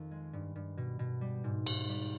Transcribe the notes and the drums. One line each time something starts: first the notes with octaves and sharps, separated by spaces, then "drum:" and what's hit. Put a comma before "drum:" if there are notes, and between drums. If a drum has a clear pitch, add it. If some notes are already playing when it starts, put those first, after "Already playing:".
Already playing: F2 D#3 F5
G#3
G2
G2
B2
B2
G3
G#2
G#2, drum: cymbal
G3